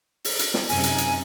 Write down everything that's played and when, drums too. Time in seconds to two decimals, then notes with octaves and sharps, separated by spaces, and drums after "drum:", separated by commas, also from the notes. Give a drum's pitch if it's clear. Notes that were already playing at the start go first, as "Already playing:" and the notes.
0.25 drum: open hi-hat
0.39 drum: hi-hat
0.54 drum: snare
0.69 F#2 C3 D#4 G#5, drum: open hi-hat
0.84 drum: hi-hat
0.98 drum: hi-hat